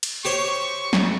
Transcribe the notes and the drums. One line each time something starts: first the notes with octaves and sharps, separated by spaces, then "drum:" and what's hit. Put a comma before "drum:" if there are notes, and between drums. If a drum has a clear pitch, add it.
drum: cymbal
G4 C5 C#5 C#6
drum: snare